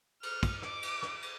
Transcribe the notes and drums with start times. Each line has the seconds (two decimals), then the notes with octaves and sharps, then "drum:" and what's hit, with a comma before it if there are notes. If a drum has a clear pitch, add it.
0.23 F6, drum: cymbal
0.43 drum: kick, cymbal
0.62 D6, drum: rim click
0.83 drum: cymbal
1.02 drum: rim click
1.22 drum: cymbal